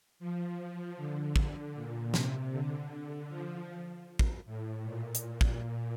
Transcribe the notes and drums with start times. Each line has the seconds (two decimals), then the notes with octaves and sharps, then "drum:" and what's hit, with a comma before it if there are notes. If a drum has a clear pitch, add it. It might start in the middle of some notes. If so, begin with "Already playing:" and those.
0.19 F3
0.97 D3
1.36 drum: kick
1.75 A#2
2.14 C3, drum: snare
2.52 D3
3.29 F3
4.19 drum: kick
4.45 A2
4.84 A#2
5.15 drum: hi-hat
5.41 drum: kick
5.61 A#2